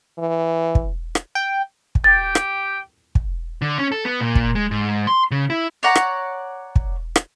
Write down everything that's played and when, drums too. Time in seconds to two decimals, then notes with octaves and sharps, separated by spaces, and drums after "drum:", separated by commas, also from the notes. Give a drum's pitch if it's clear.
0.19 E3
0.75 drum: kick
1.15 drum: rim click
1.35 G5
1.95 drum: kick
2.04 G4 G5 A6
2.35 drum: rim click
3.15 drum: kick
3.62 D3
3.78 C#4
3.92 A4
4.05 B3
4.20 A#2
4.35 drum: kick
4.55 G#3
4.71 G#2
5.07 C6
5.31 C#3
5.50 E4
5.83 C#5 D5 F#5 A#5
5.95 drum: rim click
6.76 drum: kick
7.16 drum: rim click